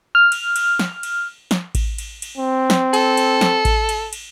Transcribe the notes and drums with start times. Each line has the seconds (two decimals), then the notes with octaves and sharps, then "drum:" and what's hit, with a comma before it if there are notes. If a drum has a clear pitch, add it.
0.15 F6
0.32 drum: cymbal
0.56 drum: cymbal
0.79 drum: snare
1.03 drum: cymbal
1.51 drum: snare
1.75 drum: kick A1, cymbal
1.98 drum: cymbal
2.22 drum: cymbal
2.37 C4
2.70 drum: snare
2.94 A4, drum: cymbal
3.17 drum: cymbal
3.41 drum: snare
3.65 drum: kick A1, cymbal
3.89 drum: cymbal
4.13 drum: cymbal